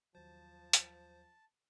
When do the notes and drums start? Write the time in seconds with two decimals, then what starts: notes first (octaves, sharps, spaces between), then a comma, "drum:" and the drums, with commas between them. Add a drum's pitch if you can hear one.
0.15 D#2 F3 F#3 C5 A5
0.73 drum: hi-hat